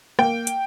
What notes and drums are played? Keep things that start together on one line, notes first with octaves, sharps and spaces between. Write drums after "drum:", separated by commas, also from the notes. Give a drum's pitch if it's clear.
A#3 G5, drum: rim click
drum: hi-hat